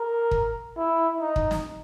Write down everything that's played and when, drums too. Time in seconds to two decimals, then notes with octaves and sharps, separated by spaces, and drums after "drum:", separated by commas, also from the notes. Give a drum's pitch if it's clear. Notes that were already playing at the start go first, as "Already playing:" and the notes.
Already playing: A#4
0.31 drum: kick
0.77 E4
1.21 D#4
1.36 drum: kick
1.51 drum: snare